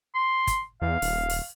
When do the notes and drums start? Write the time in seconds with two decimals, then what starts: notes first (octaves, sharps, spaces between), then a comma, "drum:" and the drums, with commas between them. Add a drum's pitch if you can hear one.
0.14 C6
0.47 drum: kick, hi-hat
0.82 E2 F5
1.02 D#1, drum: open hi-hat
1.30 drum: open hi-hat